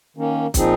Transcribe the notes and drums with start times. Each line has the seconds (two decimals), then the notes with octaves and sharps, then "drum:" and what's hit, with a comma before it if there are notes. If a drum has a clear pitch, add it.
0.17 D#3 A#3 C#4
0.54 A#2 F3 C4 D#4 G#4, drum: kick, hi-hat